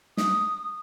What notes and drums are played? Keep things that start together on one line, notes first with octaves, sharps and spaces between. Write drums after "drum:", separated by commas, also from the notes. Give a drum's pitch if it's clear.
D#6, drum: snare